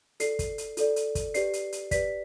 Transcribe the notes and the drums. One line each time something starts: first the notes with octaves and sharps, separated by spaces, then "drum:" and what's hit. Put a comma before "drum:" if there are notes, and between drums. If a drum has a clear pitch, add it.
F4 A4 D5 C7, drum: hi-hat
drum: kick, hi-hat
drum: hi-hat
F4 A4 D5, drum: hi-hat
drum: hi-hat
drum: kick, hi-hat
G4 B4 D5 C7, drum: hi-hat
drum: hi-hat
drum: hi-hat
G4 B4 D5 B6, drum: kick, hi-hat